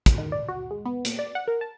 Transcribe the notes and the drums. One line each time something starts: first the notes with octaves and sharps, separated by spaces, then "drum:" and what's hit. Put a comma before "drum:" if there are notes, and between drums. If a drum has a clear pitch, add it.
drum: kick, hi-hat
D#3
D5
F#4
G#3
B3
A#2, drum: hi-hat
D5
F#5
A#4
A5